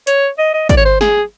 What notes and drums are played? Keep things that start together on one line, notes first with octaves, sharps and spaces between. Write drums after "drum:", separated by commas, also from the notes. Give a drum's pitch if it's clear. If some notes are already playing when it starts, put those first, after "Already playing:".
C#5, drum: hi-hat
D#5
D#5
D5, drum: kick, hi-hat
C#5
C5
G#4, drum: snare